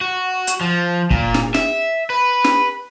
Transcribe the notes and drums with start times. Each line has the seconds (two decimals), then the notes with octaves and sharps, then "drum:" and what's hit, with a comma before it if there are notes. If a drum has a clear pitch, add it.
0.01 F#4
0.47 drum: hi-hat
0.61 F3
1.11 A#2, drum: kick
1.34 drum: snare
1.54 E5, drum: snare
2.10 B4
2.44 drum: snare